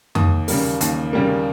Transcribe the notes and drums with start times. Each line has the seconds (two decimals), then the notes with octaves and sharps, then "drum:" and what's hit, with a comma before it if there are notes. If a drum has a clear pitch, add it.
0.15 D#2 D#6, drum: tom F2
0.48 C#3 G3 A#3, drum: open hi-hat
0.81 D#2, drum: hi-hat
1.13 C#3 G3 A#3